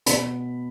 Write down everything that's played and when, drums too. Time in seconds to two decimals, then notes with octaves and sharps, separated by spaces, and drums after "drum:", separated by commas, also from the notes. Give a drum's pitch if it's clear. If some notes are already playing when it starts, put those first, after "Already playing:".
0.06 B2 B5, drum: hi-hat